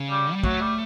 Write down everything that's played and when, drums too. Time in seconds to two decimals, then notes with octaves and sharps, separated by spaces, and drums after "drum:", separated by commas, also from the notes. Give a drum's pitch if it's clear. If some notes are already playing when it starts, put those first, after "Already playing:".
Already playing: C#3
0.10 G3
0.34 G3
0.44 F#3 A3, drum: kick
0.61 G3